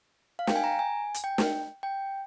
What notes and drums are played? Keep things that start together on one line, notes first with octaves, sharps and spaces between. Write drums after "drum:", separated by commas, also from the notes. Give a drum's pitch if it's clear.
F5
G5, drum: snare
G#5
A#5
G#5
drum: hi-hat
G5
drum: snare
G5